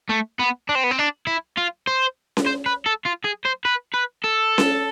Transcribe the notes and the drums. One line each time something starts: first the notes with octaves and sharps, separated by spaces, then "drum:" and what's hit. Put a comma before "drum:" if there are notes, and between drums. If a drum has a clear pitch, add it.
A3
B3
D4
C4
B3
C4
D4
E4
F4
C5
drum: snare C#4
C5
B4
A4
F4
G#4
C5
B4
B4
A4
drum: snare C#4